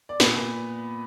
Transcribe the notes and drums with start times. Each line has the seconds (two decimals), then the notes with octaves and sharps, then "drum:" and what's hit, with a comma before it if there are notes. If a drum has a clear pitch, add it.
0.09 D5
0.20 A#2 B3 B4, drum: snare
0.36 A#2